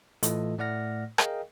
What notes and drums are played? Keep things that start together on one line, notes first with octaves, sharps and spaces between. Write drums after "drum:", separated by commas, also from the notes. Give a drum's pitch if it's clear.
A2 E3 A3 F4 A4 D#5, drum: hi-hat
A2 A3 D5 F#5 F6 A#6
G#4 A#4 D#5 F5 G5, drum: rim click